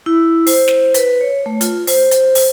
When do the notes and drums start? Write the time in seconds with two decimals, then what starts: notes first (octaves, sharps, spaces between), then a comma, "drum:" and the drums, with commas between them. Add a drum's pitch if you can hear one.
0.06 E4
0.47 C5, drum: open hi-hat
0.68 drum: snare
0.94 B4, drum: hi-hat
1.21 C#5
1.46 A3
1.61 F4, drum: hi-hat
1.87 C5, drum: open hi-hat
2.11 drum: hi-hat
2.35 drum: open hi-hat